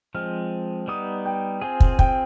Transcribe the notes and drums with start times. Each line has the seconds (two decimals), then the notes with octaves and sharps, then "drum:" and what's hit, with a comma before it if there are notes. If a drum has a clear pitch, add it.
0.15 F3 G#3 C4 F6
0.88 G3 B3 D#4 D#6
1.25 G5
1.61 C4 F4 G#4 G#5
1.80 drum: kick
1.99 G5, drum: kick